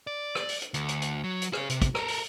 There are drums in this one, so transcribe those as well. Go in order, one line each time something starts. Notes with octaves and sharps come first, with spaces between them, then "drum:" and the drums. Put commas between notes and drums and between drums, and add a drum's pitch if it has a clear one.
D5
drum: rim click
drum: open hi-hat
drum: hi-hat
D2, drum: hi-hat
drum: hi-hat
drum: hi-hat
F#3
drum: hi-hat
G#4 C#5, drum: rim click
C3, drum: hi-hat
drum: kick, hi-hat
A4 A#4, drum: rim click
drum: open hi-hat